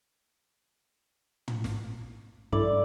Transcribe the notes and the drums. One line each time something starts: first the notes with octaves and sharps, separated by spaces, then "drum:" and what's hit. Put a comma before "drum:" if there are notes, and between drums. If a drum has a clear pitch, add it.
drum: tom
drum: snare
G2 E4 A4 D5 D6, drum: kick